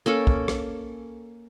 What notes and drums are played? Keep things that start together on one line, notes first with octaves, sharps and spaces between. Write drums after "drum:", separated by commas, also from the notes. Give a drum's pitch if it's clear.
A#3 C#4 A4
drum: kick
drum: rim click